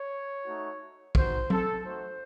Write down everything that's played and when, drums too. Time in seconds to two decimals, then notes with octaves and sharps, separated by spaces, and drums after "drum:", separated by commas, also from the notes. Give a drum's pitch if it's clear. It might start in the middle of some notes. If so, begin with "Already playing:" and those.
Already playing: C#5
0.46 A3 D#4 F#4
1.15 C4 D#4 F#4 C5, drum: kick
1.50 A4, drum: tom
1.85 A3 D#4 F#4 C5